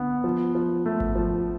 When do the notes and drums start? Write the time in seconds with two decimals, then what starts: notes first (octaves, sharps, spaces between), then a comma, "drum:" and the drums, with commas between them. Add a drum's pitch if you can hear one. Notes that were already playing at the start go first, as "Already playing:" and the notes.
Already playing: D3 B3
0.24 F3
0.55 F3
0.86 A3
1.00 drum: kick G#1
1.15 F3